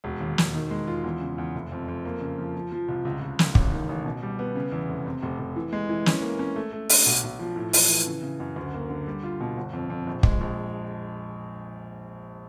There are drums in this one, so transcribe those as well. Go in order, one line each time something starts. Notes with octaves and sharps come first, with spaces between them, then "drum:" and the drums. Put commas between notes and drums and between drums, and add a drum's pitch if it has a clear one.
E1
D#2
E1, drum: snare
D#3
G#3
F4
E2
C#3
E2
F1
F2
F2
A#3
C#3
F3
F3
F3
C2
C#2
C#2
C#2, drum: snare
A1, drum: kick
D#3
A1
B2
G3
B3
C#3
E2
F1
C3
F1
F1
E3
G#3
E3
C#4, drum: snare
A#3
C#4
A3
A3
D4, drum: open hi-hat
B1
B1
F3
A2
E3, drum: open hi-hat
E3
C#3
C#3
F#2
D2
A#3
D3
G3
F4
B2
G1
F2
F2
A#1
G#3, drum: kick
A#1